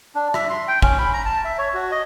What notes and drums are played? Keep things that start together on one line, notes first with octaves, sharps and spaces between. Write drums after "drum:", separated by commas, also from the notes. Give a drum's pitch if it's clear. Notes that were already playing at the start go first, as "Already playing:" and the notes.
D4
E5, drum: rim click
C6
G5
C#4, drum: kick
B5
A#5
A5
E5
C#5
F#4
D#5